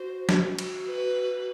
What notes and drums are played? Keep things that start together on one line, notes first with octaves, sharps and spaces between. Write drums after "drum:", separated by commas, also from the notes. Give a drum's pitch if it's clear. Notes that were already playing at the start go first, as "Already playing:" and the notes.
Already playing: F#4 C5
drum: snare
drum: cymbal
B4